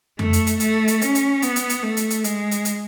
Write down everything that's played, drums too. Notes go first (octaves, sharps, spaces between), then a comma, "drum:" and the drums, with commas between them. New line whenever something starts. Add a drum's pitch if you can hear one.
A3, drum: tom F2
drum: hi-hat
drum: hi-hat
A3, drum: hi-hat
drum: hi-hat
C#4, drum: hi-hat
drum: hi-hat
B3, drum: hi-hat
drum: hi-hat
drum: hi-hat
A3
drum: hi-hat
drum: hi-hat
G#3, drum: hi-hat
drum: hi-hat
drum: hi-hat